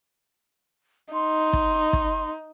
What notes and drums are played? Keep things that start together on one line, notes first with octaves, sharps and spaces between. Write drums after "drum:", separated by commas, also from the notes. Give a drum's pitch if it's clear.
D#4 C6
drum: kick
drum: kick